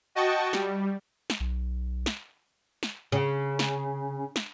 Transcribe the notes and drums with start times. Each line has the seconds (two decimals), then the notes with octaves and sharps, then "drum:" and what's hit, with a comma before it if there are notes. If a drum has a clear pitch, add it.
0.15 F#4 D#5 G5 A5 C#6
0.53 G3, drum: snare
1.30 drum: snare
1.40 B1
2.06 drum: snare
2.83 drum: snare
3.12 C#3
3.59 drum: snare
4.36 drum: snare